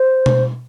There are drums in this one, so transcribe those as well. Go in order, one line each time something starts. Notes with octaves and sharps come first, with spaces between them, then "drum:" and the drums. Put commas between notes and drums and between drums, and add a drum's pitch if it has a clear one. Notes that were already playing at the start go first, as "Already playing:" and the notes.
Already playing: C5
drum: tom B2